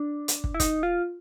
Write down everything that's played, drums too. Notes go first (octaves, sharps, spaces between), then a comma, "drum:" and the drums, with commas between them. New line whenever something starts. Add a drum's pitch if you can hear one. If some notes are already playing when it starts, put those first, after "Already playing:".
Already playing: D4
drum: hi-hat
drum: kick
E4
D#4, drum: kick, hi-hat
F4